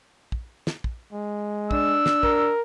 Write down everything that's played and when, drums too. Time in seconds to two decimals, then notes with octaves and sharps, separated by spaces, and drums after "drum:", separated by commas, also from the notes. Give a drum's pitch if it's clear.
0.32 drum: kick
0.67 drum: snare
0.84 drum: kick
1.13 G#3
1.71 D4 E6, drum: kick
2.06 drum: snare
2.23 A#4, drum: kick